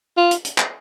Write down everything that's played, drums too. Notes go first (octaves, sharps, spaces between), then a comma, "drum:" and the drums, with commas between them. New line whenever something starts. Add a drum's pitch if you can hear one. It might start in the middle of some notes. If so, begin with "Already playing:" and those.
F4
drum: hi-hat
drum: hi-hat
drum: clap